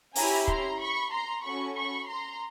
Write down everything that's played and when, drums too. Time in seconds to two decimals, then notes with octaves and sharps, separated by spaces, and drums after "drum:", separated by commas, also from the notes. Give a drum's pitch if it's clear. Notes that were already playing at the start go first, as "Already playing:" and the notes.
0.15 C#4 E4 G4 G#5 A#5, drum: open hi-hat
0.48 A#5 C6, drum: kick
0.80 B5 C#6
1.11 A#5 C6
1.43 C#4 F#4 A4 B5 C#6
1.75 B5 C#6
2.08 A#5 C6